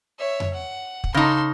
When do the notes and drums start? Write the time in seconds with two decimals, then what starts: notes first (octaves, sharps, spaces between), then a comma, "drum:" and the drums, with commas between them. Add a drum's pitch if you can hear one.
0.19 C#5 E5
0.40 drum: tom F2
0.53 F#5
1.04 drum: kick
1.14 C#3 D#4 A4 C6